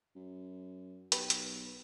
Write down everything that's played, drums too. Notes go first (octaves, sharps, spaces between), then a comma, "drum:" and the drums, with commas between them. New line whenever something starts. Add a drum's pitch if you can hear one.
F#2
B1 G4 B4, drum: hi-hat
drum: hi-hat